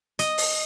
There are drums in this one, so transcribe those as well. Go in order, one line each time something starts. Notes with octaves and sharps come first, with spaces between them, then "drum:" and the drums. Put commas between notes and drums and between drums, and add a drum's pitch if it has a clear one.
D#5, drum: hi-hat
drum: open hi-hat